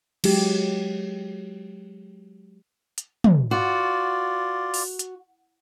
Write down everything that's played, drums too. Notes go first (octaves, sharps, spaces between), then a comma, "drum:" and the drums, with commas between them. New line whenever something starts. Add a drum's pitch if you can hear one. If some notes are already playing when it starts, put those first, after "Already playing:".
F#3 G#3 G4, drum: cymbal
drum: hi-hat
drum: tom
F4 F#4 D5
drum: open hi-hat
drum: hi-hat